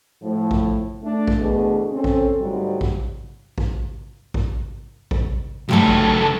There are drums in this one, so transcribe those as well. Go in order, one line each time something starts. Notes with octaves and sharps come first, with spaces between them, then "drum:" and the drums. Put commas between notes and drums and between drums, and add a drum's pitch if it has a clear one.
A2 F3
drum: kick A1
A3 D4
drum: kick A1
D2 B2 E3 A3 D4 G#4
C4 C#4 A4
drum: kick A1
D2 G#2 F#3 G3
drum: kick A1
drum: kick A1
drum: kick A1
drum: kick A1
C#2 F#3 A3 G4 A4
drum: kick A1